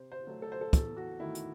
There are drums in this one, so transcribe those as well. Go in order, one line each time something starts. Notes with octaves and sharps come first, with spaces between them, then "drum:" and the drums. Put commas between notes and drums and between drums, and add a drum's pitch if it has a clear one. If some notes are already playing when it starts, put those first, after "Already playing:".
Already playing: C3 C5
C5
F#3 A3
A4
C5
A4
E2 A4, drum: kick, hi-hat
F#4
D#3 A3 E4
drum: hi-hat